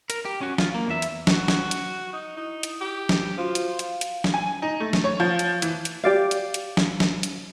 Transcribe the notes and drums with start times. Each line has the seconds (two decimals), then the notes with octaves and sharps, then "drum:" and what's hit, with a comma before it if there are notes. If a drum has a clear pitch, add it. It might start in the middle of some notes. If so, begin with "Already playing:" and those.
0.10 A#4, drum: hi-hat
0.25 G4
0.41 C#4 F#4
0.58 F4, drum: snare
0.75 A#3
0.88 E2 E5
1.02 drum: hi-hat
1.27 F#4, drum: snare
1.48 drum: snare
1.71 drum: hi-hat
2.13 D#4
2.37 D#4 E4
2.63 drum: hi-hat
2.81 G4
3.09 drum: snare
3.38 F3 F4 F#4 C6
3.55 drum: hi-hat
3.79 F5, drum: hi-hat
4.01 drum: hi-hat
4.24 drum: snare
4.34 G#5
4.62 D#4
4.80 A3
4.93 drum: snare
5.04 C#5
5.20 F3
5.39 drum: hi-hat
5.62 E3, drum: hi-hat
5.85 drum: hi-hat
6.04 G4 D5 F5
6.31 drum: hi-hat
6.54 drum: hi-hat
6.77 drum: snare
7.00 drum: snare
7.23 drum: hi-hat